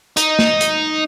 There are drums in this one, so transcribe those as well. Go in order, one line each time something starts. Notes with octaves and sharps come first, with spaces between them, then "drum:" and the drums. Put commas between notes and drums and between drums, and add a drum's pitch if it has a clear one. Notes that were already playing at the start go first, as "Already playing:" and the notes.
D#4, drum: hi-hat
drum: snare
drum: hi-hat